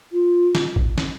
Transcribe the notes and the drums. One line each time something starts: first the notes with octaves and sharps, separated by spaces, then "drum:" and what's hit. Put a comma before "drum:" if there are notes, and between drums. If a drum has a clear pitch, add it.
F4
drum: snare
drum: kick G#1
drum: snare